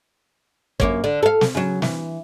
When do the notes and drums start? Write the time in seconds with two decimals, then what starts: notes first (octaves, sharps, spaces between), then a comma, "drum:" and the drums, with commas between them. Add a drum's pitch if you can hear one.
0.80 F#2 A#3 C#5, drum: kick
1.04 D3
1.23 A4 F5
1.41 drum: snare
1.55 C#3 F#3
1.82 E3, drum: snare